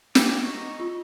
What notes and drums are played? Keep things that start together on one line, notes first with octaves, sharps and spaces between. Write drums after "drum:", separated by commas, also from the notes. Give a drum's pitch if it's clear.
G5 G#5 D6, drum: snare
D#4 C#6
F4